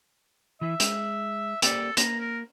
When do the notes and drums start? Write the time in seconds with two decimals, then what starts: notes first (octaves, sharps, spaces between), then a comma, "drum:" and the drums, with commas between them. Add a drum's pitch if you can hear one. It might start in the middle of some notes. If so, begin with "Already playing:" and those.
0.61 E3 E4 E5
0.80 G#3, drum: hi-hat
1.62 A#3 G4 A4 D5, drum: hi-hat
1.97 A#3 A#5, drum: hi-hat
2.20 A#4